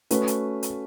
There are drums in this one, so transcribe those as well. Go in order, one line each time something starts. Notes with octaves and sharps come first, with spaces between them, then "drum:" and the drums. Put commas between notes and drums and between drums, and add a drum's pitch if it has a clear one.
A3 C#4 F#4 B4, drum: hi-hat
drum: hi-hat
drum: hi-hat